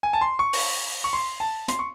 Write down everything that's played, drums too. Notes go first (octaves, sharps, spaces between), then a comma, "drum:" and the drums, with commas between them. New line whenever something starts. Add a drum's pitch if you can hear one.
G#5
A5
C6
C#6
drum: open hi-hat
C#6
C6
A5
C6, drum: hi-hat
C#6